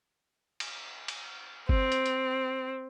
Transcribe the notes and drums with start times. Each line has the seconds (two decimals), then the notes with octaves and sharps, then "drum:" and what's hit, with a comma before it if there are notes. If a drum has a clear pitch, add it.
0.60 drum: cymbal
1.08 drum: cymbal
1.69 C4, drum: kick G1
1.92 drum: hi-hat
2.06 drum: hi-hat